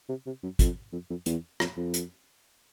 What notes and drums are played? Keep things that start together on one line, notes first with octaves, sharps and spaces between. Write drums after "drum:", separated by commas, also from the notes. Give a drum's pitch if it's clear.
C3
C3
F#2
F2, drum: kick, hi-hat
F2
F2
E2, drum: hi-hat
F2, drum: rim click
F2
drum: hi-hat